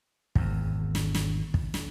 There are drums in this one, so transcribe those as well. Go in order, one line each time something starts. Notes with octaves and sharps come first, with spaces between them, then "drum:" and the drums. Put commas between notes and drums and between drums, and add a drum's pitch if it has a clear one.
G#1 E2, drum: kick
drum: snare
drum: snare
drum: kick
drum: snare